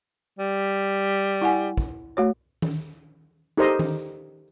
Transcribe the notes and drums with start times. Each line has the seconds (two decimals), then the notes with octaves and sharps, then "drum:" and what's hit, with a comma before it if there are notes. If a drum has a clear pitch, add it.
0.39 G3
1.42 E4 F#5 G#5
1.77 drum: kick
2.17 A3 F#4 C#5
2.62 drum: tom D#3
3.58 D#4 G4 A4 A#4 C5 D#5
3.79 drum: tom D#3